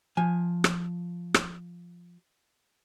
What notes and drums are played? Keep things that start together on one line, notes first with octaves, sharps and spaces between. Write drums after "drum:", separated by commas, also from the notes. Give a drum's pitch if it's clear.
F3 G#5
drum: rim click
drum: rim click